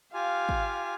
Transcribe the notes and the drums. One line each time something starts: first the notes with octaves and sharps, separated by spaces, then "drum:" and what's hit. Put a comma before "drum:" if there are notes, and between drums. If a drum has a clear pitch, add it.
F4 G4 F5 G#5
drum: kick